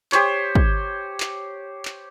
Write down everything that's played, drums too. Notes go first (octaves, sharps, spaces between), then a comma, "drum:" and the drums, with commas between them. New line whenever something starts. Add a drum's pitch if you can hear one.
G4 C5 C#5, drum: clap
drum: kick
drum: clap
drum: clap